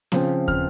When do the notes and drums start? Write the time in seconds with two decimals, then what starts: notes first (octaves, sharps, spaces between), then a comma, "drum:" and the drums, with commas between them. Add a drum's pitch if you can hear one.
0.12 C#3 F3 C4, drum: snare B3
0.48 F6, drum: kick